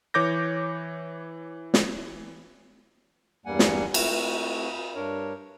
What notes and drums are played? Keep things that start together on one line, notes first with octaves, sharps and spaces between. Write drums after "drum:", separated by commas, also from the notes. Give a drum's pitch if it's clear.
E3 C#5 D6 G6 A#6
drum: snare
E2 G2 G3 A#3 F#5 G#5
drum: snare
A3 C4 E4 F#4, drum: cymbal
G2 D4 A#4 C#5